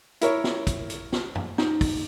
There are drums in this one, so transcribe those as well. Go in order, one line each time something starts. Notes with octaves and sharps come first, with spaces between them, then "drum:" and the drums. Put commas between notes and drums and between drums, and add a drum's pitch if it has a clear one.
E4 A#4 C#5, drum: hi-hat
drum: snare
drum: kick, hi-hat
drum: hi-hat
drum: snare
drum: tom F#2
D#4, drum: snare
drum: kick, open hi-hat